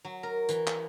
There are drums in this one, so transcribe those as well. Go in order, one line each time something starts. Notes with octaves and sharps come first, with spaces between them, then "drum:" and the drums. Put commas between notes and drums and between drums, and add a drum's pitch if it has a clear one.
F#3
A#4
E3, drum: hi-hat
drum: clap